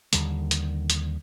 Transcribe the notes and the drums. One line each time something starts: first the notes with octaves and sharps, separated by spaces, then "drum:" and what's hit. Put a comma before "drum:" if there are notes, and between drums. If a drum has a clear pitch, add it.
D#2 D3 D#3 G3, drum: hi-hat
drum: hi-hat
drum: hi-hat